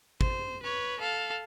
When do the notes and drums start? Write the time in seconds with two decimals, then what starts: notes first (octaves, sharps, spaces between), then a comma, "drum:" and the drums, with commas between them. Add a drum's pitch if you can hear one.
0.21 C5, drum: kick
0.63 B4 C#5
1.00 A4 F5